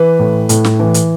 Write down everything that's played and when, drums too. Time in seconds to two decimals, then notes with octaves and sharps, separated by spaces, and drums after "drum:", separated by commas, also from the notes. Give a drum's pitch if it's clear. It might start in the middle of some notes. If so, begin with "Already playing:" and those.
Already playing: E3 B4
0.19 A2
0.49 A2, drum: hi-hat
0.64 drum: snare
0.79 E3
0.94 drum: hi-hat